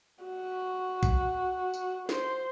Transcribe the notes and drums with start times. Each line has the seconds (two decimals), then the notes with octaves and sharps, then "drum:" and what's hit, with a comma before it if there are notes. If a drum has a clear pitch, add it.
0.24 F#4
1.03 drum: kick A#1, tambourine
1.74 drum: tambourine
2.09 C5, drum: snare